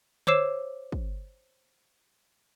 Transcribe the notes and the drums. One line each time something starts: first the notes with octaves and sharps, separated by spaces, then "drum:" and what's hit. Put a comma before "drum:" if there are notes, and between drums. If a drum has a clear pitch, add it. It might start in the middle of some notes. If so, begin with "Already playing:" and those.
C5 C#5 D6 E6 C7 E7, drum: tom D3
drum: kick